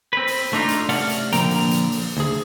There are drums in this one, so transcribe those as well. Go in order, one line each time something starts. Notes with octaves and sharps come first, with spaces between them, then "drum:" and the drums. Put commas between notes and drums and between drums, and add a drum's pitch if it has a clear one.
C4 B4
drum: open hi-hat
A3 D4 D#4 F4
drum: hi-hat
C3 A3 C#4 D5 F5 F#5, drum: open hi-hat
drum: hi-hat
A#2 D3 F3 A#3 G5 A#5, drum: hi-hat
drum: open hi-hat
drum: hi-hat
drum: open hi-hat
D2 G#4